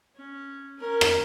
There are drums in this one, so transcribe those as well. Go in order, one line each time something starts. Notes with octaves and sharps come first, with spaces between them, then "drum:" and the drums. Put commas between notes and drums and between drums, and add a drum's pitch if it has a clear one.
C#4
C#4 A#4
drum: rim click